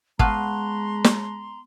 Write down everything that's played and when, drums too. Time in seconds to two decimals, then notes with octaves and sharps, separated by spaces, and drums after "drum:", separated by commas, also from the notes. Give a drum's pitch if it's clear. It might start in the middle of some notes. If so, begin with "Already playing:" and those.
0.19 G#3 B3 F5 A5 A#5 C6 C#6 F#6, drum: kick
1.04 drum: snare